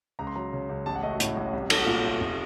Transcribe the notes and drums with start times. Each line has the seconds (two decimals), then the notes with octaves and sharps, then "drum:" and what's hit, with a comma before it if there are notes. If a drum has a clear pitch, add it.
0.19 C#2 A#5
0.27 C6
0.36 F#3 A#5
0.53 C#3
0.70 C#2
0.86 A1 A5
0.95 F#5
1.03 A3 D#5
1.11 F#4
1.20 A2, drum: hi-hat
1.37 A1
1.53 C2
1.70 F#3 A4, drum: cymbal
1.79 F#4
1.86 A#2 F4
2.04 A3
2.20 F1